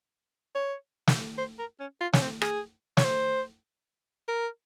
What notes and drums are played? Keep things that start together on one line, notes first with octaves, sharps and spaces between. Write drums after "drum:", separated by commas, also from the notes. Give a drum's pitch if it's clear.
C#5
drum: snare
C5
A#4
C#4
F4
C#4, drum: snare
C4
G#4, drum: rim click
C#5, drum: snare
C5
A#4